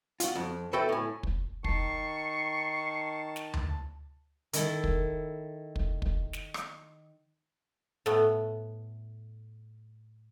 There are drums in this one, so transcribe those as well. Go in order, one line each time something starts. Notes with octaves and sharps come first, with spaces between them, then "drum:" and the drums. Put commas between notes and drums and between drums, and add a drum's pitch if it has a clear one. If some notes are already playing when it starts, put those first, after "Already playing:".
F4 F#4, drum: hi-hat
F2
F#4 A4 B4 E5 G5
A2 G#5
drum: kick
D#3 A5 C#6 C7, drum: kick
drum: snare
drum: tom D2
D#3 E4 A4, drum: hi-hat
drum: kick
drum: kick
drum: kick
drum: snare
drum: rim click
A2 A3 B3, drum: snare